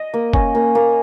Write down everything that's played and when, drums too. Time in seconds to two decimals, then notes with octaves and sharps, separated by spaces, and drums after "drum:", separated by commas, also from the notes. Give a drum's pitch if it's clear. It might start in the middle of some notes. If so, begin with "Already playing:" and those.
Already playing: D#5
0.14 A#3
0.33 C#4, drum: kick F#1
0.55 A#3
0.75 A#3